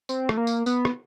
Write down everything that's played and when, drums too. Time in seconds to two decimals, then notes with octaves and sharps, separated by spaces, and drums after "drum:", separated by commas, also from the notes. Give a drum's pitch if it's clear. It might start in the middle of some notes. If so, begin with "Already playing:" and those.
0.09 C4, drum: tambourine
0.29 A3, drum: rim click
0.37 A#3
0.47 drum: tambourine
0.66 B3, drum: tambourine
0.85 drum: rim click